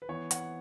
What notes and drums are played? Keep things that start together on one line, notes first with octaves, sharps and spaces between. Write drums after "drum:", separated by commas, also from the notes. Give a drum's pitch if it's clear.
B4
E3 B3 C#5
C#5 F#5, drum: hi-hat